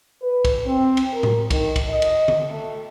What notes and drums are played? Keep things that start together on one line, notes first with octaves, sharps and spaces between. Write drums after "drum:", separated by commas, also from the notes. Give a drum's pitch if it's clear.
B4
drum: kick, cymbal
C4
drum: cymbal
A#4
drum: tom A2
D#3, drum: kick, cymbal
drum: kick, cymbal
D#5
drum: cymbal
drum: tom D3
A3